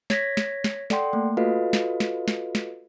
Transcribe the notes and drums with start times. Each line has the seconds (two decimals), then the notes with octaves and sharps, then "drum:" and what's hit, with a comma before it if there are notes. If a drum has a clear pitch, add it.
0.10 C#5 G#6 A#6 B6, drum: snare
0.37 drum: snare
0.64 drum: snare
0.90 A4 D5 F#5 G5 C6, drum: snare
1.13 A3 A#3
1.37 F4 F#4 A4 B4 D#5 F5
1.73 drum: snare
2.00 drum: snare
2.28 drum: snare
2.55 drum: snare